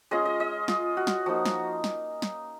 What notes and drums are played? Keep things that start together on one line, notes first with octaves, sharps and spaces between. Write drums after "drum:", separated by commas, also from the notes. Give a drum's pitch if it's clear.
G#3 C#4 F4 D#5
D#5
D#5
F4, drum: snare
F#4
drum: snare
F3 A#3 D#4 F#4
drum: snare
drum: snare
drum: snare